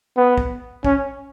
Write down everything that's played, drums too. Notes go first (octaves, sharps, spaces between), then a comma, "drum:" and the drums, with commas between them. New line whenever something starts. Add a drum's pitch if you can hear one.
B3
drum: kick
C#4, drum: kick